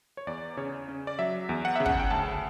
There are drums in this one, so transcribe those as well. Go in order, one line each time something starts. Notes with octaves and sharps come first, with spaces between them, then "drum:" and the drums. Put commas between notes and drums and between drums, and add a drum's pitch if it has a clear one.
C#5
E2 D5
C#3 C#5
C#4
D5
F#3 E5
E2
F#5
C#3 E5
F#5, drum: kick
G5
D2 A5